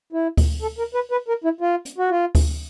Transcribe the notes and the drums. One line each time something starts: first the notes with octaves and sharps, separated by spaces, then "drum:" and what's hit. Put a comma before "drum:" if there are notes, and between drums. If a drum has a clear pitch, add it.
E4
drum: kick D2, open hi-hat
A4
A#4
B4
B4
A#4
E4
F4
drum: hi-hat
F#4
F4
drum: kick D2, open hi-hat